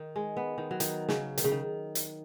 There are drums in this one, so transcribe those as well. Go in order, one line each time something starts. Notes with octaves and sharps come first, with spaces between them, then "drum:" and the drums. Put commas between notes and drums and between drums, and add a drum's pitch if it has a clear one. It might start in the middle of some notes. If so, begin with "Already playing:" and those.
Already playing: D#3
G#3
B3
D#3
F#3
D#3, drum: hi-hat
C#3, drum: snare
D#3, drum: hi-hat
C#3
D#3
drum: hi-hat